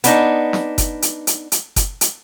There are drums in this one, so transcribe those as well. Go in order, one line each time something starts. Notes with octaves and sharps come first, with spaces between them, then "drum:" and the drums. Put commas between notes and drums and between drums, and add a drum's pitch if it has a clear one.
B3 D4 D#4, drum: hi-hat
drum: snare
drum: kick F#1, hi-hat
drum: hi-hat
drum: hi-hat
drum: hi-hat
drum: kick F#1, hi-hat
drum: hi-hat